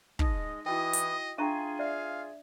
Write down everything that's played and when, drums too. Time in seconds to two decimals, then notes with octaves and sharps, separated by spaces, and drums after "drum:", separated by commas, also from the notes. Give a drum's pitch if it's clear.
0.19 G#3 D#4 D#5, drum: kick
0.66 E3 E4 F#4 D#5 G5 D#6
0.93 drum: hi-hat
1.38 D4 F4 G#4 E5 G5 A#5 C#6 D#7
1.79 D5 E5 F5